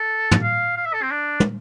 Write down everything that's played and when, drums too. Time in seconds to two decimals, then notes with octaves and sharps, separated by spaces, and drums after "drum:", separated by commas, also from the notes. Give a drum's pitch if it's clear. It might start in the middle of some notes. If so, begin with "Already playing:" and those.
Already playing: A4
0.31 drum: tom
0.43 F5
0.77 F5
0.86 E5
0.93 A4
1.02 C4
1.11 D4
1.40 drum: tom